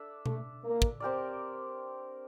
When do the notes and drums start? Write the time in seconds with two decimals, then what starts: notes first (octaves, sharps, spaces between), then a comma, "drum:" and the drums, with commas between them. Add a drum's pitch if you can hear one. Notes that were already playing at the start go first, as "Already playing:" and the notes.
Already playing: D4 A4 E5
0.26 A3, drum: tom B2
0.64 A#3
0.82 drum: kick
1.00 C4 G4 A#4 D5